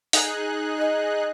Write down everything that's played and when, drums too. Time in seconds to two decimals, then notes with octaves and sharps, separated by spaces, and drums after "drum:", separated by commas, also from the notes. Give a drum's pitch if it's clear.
0.13 D#4 G#4 F#6, drum: open hi-hat
0.79 D#5